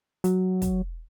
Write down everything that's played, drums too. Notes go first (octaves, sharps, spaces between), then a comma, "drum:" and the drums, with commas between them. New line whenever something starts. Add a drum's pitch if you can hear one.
F#3, drum: hi-hat
drum: kick, hi-hat